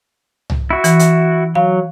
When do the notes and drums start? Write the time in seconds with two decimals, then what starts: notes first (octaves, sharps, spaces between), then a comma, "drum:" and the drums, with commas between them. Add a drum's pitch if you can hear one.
0.50 drum: tom C2
0.70 E4 F#4
0.84 E3, drum: hi-hat
0.99 drum: hi-hat
1.55 F#3 F5